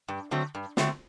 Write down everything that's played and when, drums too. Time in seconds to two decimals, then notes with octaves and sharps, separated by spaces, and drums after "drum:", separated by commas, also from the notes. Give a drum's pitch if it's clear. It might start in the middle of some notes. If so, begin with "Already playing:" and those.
0.08 G2
0.31 D3 F#3 A3 C4
0.55 G2
0.77 D3 F#3 A3 C4, drum: snare